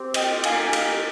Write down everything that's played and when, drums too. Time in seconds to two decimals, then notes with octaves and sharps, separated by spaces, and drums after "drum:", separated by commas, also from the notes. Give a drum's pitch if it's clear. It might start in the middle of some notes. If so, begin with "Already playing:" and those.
Already playing: C4 G4
0.14 D#5 G5, drum: cymbal
0.43 A#3 D#4 G4 F5 G#5, drum: cymbal
0.73 drum: cymbal